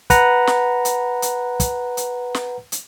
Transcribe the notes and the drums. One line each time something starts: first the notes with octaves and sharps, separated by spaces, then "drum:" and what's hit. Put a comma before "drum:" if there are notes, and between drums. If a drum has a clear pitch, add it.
B4 F#5 A#5, drum: kick, hi-hat
drum: snare
drum: hi-hat
drum: hi-hat
drum: kick, hi-hat
drum: hi-hat
drum: snare
drum: hi-hat